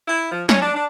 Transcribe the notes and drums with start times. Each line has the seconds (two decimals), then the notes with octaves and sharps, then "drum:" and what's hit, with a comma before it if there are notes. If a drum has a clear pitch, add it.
0.08 E4
0.32 F3
0.49 C#4, drum: snare
0.62 D4
0.75 D4